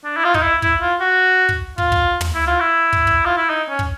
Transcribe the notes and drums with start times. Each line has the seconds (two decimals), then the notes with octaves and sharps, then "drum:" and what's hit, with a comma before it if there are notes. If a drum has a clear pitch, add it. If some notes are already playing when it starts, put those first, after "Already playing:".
0.04 D4
0.17 E4
0.24 F4
0.34 D#4, drum: kick
0.43 E4
0.62 E4, drum: kick
0.82 F4
1.01 F#4
1.49 drum: kick
1.78 F4, drum: kick
1.92 drum: kick
2.21 drum: tom
2.35 E4
2.47 F4
2.60 E4
2.93 drum: kick
3.07 drum: kick
3.26 F4
3.38 E4
3.50 D#4
3.69 C#4
3.79 drum: kick